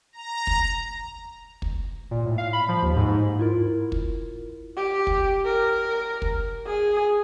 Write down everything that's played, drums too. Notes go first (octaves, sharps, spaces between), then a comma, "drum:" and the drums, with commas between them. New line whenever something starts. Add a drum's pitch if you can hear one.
A#5
drum: kick
drum: kick
A#2
A2
F5
B5
F3
D#2
G#2
G#2
E4 F4 A#4
drum: kick
G4
drum: kick
A#4
drum: kick
G#4